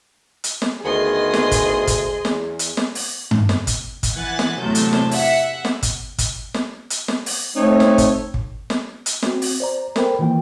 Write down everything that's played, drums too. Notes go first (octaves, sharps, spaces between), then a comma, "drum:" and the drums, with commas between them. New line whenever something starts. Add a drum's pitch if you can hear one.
drum: hi-hat
drum: snare
D2 D#3 B3 G#4 D#5 C6
drum: snare
drum: kick, hi-hat
drum: kick, hi-hat
E2, drum: snare
drum: hi-hat
drum: snare
drum: open hi-hat
drum: tom G2
drum: snare
drum: kick, hi-hat
drum: kick, hi-hat
E3 F#5 G#5 F#6 A6
drum: snare
E2 A2 C3 F#3 A5 G6
drum: hi-hat
drum: snare
E5 F#5, drum: open hi-hat
drum: snare
drum: kick, hi-hat
drum: kick, hi-hat
drum: snare
drum: hi-hat
drum: snare
drum: open hi-hat
A3 C4 D#4 C#5
drum: snare
drum: kick, hi-hat
drum: kick
drum: snare
drum: hi-hat
C4 F#4, drum: snare
drum: open hi-hat
C5 D5 A#5
A4 A#4 C5 G5 B5, drum: snare
D#3 E3 A#3 F4 G5